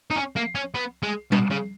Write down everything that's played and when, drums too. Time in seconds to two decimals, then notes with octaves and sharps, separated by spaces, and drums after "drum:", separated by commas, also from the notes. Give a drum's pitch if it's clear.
0.11 D#4
0.16 C#4
0.36 A#3
0.55 C#4
0.74 B3
1.03 G#3
1.32 B2, drum: tom G3
1.51 C#3